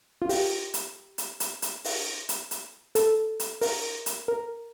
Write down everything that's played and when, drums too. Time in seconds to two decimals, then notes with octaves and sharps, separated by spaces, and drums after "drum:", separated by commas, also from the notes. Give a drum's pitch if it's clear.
0.22 F4
0.29 G4, drum: open hi-hat
0.74 drum: hi-hat
1.18 drum: hi-hat
1.40 drum: hi-hat
1.62 drum: hi-hat
1.84 drum: open hi-hat
2.29 drum: hi-hat
2.51 drum: hi-hat
2.95 A4, drum: hi-hat
3.40 drum: hi-hat
3.61 A#4, drum: open hi-hat
4.06 drum: hi-hat
4.28 A#4